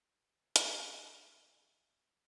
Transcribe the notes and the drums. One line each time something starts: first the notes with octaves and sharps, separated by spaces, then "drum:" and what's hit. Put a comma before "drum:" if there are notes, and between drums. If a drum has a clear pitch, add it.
F#3 B4 E5 G#5
drum: hi-hat